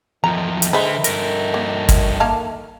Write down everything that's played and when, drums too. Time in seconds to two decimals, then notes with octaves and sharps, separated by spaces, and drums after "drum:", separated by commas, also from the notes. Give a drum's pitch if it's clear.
0.24 E2 D#3 F3 A3 A#5
0.62 drum: hi-hat
0.73 D3 G#3 B4 C5 E5
1.04 G2 A#4, drum: hi-hat
1.54 A#3
1.89 drum: kick, hi-hat
2.20 A#3 F5 A5